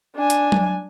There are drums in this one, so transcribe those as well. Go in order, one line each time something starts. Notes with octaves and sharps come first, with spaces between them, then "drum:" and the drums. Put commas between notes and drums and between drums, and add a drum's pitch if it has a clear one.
D4 G#5
drum: hi-hat
drum: tom F#3